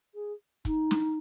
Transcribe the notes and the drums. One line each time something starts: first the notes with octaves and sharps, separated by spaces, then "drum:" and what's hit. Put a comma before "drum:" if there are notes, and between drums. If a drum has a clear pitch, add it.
G#4
D#4, drum: kick, hi-hat
drum: snare